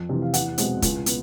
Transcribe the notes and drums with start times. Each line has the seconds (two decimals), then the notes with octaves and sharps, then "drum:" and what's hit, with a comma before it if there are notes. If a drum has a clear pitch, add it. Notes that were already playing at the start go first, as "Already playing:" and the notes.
Already playing: F2
0.09 C3 E3
0.22 F5
0.34 E2 F#5, drum: hi-hat
0.58 B2 G#3 C4, drum: hi-hat
0.82 C#2, drum: kick, hi-hat
1.06 B3, drum: hi-hat